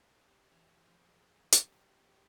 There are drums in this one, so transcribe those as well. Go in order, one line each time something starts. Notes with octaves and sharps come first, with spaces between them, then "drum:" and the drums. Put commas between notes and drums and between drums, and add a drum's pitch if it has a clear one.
G4
E3
F3 G#4
G4, drum: hi-hat